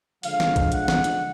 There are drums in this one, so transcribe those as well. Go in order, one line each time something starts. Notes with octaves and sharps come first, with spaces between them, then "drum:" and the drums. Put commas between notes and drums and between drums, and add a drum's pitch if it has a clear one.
D3 F3 G#3 F5, drum: open hi-hat
drum: snare
drum: kick A#1, hi-hat
F#5, drum: hi-hat
drum: snare
drum: hi-hat